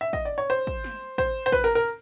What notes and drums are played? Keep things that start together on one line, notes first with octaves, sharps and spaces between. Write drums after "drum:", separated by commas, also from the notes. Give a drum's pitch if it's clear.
E5
D#5, drum: kick
D5
C#5
C5
drum: kick
drum: snare
C5, drum: kick
C5
B4, drum: kick
A#4
A#4